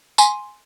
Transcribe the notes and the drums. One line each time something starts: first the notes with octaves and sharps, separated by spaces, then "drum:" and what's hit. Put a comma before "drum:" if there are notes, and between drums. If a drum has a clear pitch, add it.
G#5 C6, drum: tambourine